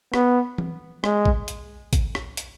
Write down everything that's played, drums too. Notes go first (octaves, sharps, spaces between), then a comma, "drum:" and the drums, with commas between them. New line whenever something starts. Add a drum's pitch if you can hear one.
B3, drum: rim click
drum: tom E3
G#3, drum: rim click
drum: kick A1
drum: hi-hat
drum: kick A1, hi-hat
drum: rim click
drum: hi-hat